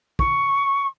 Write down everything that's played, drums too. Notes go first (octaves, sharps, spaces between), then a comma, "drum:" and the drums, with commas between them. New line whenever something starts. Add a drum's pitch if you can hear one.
C#6, drum: kick